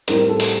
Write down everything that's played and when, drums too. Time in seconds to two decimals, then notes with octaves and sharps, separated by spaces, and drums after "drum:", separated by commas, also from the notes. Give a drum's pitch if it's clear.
0.08 A2 G3 C4 A#4, drum: hi-hat
0.29 A4
0.40 drum: open hi-hat